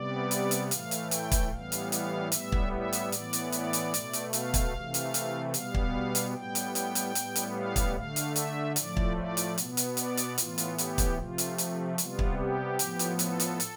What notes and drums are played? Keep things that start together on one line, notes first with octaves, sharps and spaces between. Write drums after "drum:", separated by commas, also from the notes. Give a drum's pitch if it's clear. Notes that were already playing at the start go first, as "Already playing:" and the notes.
Already playing: C3 G3 B3 D5
drum: hi-hat
drum: hi-hat
A2 E3 A3 F5, drum: hi-hat
drum: hi-hat
G5, drum: hi-hat
drum: kick, hi-hat
A2 E3 G3 B3 F5
drum: hi-hat
F5, drum: hi-hat
A2 G3 B3 E5, drum: hi-hat
drum: kick
E5
drum: hi-hat
A2 E3 B3 D5, drum: hi-hat
drum: hi-hat
D5, drum: hi-hat
drum: hi-hat
B2 A3, drum: hi-hat
drum: hi-hat
F5, drum: hi-hat
drum: kick, hi-hat
C3 E3 A3
drum: hi-hat
drum: hi-hat
B2 G3 B3 F5, drum: hi-hat
drum: kick
drum: hi-hat
A2 G3 B3 G5
drum: hi-hat
drum: hi-hat
drum: hi-hat
A2 G3 B3, drum: hi-hat
drum: hi-hat
F5
drum: kick, hi-hat
D3 A3 F5
drum: hi-hat
E5, drum: hi-hat
A2 F3 A3 D5, drum: hi-hat
drum: kick
D5
drum: hi-hat
B2 B3, drum: hi-hat
drum: hi-hat
D5, drum: hi-hat
drum: hi-hat
A2 E3 B3 F4, drum: hi-hat
drum: hi-hat
G4, drum: hi-hat
drum: kick, hi-hat
C3 F3 A3 F4
drum: hi-hat
drum: hi-hat
C3 G3 B3 F4, drum: hi-hat
drum: kick
G4
A2 F3 B3, drum: hi-hat
drum: hi-hat
A4, drum: hi-hat
drum: hi-hat
drum: hi-hat